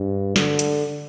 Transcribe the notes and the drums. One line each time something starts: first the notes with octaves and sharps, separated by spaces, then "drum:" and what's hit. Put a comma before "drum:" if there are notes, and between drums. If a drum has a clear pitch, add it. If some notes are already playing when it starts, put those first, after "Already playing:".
Already playing: G2
D3, drum: snare
drum: hi-hat